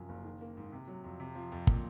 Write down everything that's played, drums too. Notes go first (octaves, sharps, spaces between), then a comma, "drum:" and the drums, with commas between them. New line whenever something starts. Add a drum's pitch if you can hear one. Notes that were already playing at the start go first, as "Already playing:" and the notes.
Already playing: F#2 C3 F3
F#1
D#3
A#3
G#2
C3
F#3
F2
C3
F3
F2
A#2, drum: kick